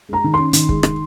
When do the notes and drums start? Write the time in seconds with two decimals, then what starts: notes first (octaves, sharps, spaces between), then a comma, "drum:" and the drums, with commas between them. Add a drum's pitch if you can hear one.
0.09 G#3 A#5
0.24 D#3
0.34 C#4 C6
0.53 D#3, drum: hi-hat
0.69 G#3, drum: kick
0.83 D#3, drum: rim click